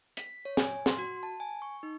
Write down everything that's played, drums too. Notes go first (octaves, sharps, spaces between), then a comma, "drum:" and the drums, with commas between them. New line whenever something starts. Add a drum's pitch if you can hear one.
B6, drum: hi-hat
C#5
G#5, drum: snare
C6, drum: snare
F#4
A5
G#5
C#6
D#4